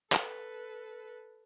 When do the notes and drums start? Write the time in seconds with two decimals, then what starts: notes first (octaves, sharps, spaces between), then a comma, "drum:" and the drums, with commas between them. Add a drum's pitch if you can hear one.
0.12 A4 B4, drum: clap